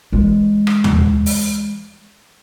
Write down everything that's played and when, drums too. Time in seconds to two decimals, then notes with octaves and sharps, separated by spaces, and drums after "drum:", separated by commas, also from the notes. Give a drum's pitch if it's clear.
0.13 E3 G#3
0.67 drum: rim click
0.84 drum: tom D#2
1.26 drum: open hi-hat